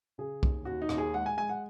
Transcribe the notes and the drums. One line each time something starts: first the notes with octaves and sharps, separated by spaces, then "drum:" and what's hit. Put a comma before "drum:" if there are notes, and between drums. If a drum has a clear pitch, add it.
C#3 G#4
D#2, drum: kick
D#2 F#4
D#4
D#2, drum: rim click
G#4
G#3 F#5
G#5
G#3 G#5
F#5